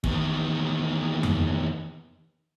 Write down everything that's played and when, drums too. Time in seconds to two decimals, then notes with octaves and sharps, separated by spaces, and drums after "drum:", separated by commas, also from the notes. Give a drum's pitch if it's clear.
0.04 E2 D#3, drum: kick
1.23 drum: tom F2